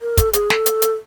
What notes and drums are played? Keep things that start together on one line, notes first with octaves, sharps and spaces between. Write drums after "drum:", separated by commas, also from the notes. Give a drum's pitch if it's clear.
A#4
A4, drum: kick, hi-hat
G#4, drum: hi-hat
A4, drum: snare
drum: hi-hat
drum: hi-hat